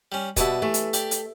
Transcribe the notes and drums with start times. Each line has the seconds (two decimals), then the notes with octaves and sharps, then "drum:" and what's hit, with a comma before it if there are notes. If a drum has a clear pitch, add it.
0.12 G3 C#4
0.37 B2 G3 B3 E5 A5 D#6, drum: kick, hi-hat
0.62 E3 A3
0.74 drum: hi-hat
0.93 G4 D5, drum: hi-hat
1.11 drum: hi-hat